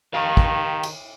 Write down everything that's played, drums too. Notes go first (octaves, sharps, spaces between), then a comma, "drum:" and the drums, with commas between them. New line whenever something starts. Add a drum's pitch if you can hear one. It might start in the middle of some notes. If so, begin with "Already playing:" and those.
D#3 G4 F5
drum: kick
drum: cymbal